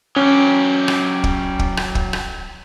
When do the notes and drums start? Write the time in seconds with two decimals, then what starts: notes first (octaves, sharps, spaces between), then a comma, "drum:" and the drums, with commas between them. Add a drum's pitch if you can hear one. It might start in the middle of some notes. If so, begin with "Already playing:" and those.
0.16 F#3 C#4 G4
0.88 drum: rim click
1.24 drum: kick
1.59 drum: kick
1.77 drum: rim click
1.95 drum: kick
2.13 drum: rim click